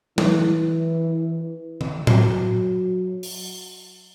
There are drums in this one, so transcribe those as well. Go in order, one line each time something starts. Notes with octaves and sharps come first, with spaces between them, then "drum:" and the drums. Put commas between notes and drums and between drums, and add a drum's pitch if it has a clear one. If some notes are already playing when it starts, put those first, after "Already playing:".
E3, drum: tom
drum: tom D#3
F#3, drum: tom A2
drum: open hi-hat